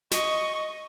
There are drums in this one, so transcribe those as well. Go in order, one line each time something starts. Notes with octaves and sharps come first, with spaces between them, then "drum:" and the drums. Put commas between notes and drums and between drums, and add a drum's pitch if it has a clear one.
D#5 C#6, drum: snare